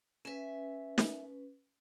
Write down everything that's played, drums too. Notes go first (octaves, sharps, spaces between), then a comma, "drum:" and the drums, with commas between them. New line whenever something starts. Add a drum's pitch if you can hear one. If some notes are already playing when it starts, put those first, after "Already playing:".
C#4 B4 E5 G#5
drum: snare